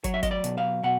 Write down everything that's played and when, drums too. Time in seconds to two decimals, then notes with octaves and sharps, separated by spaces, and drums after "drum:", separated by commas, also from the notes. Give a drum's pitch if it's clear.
0.04 F#3 C#5, drum: kick, hi-hat
0.14 E5
0.23 D#5, drum: kick, hi-hat
0.31 D5
0.44 B2, drum: hi-hat
0.58 F5
0.83 B2 F#5